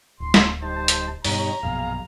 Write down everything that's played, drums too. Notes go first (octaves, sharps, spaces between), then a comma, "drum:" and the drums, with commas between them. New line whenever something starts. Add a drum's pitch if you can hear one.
D1 C6
drum: snare
G3 D#4 C5 A5
drum: hi-hat
G2 B2 G3 D#4 C#5 A#5, drum: open hi-hat
A#1 F#2 B2 G#4 F5